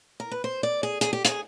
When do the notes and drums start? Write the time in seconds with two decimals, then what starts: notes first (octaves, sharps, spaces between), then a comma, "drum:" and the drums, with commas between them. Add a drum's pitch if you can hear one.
0.20 A#4
0.31 B4
0.44 C5
0.63 D5
0.83 G#4
1.01 G#4, drum: hi-hat
1.13 G4
1.25 G#4, drum: hi-hat